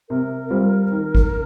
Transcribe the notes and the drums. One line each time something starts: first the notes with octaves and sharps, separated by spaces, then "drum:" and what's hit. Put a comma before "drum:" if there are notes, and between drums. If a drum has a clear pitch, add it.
C3 A#4
G3 C4 F4
D#3
drum: kick